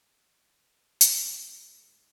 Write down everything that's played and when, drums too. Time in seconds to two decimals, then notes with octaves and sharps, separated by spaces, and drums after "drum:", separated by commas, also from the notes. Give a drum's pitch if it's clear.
1.01 G#2 C5 G5 E6 A#6, drum: hi-hat